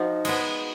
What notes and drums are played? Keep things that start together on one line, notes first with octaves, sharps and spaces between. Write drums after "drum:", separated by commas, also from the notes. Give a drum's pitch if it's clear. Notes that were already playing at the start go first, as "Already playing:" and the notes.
Already playing: F3 D#4 F#4
G#3 B3, drum: cymbal